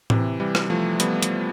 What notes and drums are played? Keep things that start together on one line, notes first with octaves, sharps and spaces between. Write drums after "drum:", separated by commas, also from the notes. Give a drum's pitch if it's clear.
C3 E3, drum: tom A2
E3 G3
drum: rim click
F3 A3
G3 B3, drum: hi-hat
drum: hi-hat